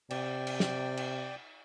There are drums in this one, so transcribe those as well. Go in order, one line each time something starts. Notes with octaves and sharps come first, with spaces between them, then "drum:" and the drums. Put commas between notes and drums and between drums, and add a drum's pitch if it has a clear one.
C3 D5 G5, drum: cymbal
drum: cymbal
drum: snare
drum: cymbal